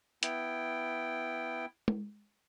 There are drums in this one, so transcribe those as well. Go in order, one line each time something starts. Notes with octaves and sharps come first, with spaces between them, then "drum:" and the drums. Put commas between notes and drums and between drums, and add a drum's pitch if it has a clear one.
B3 E4 G5, drum: hi-hat
drum: tom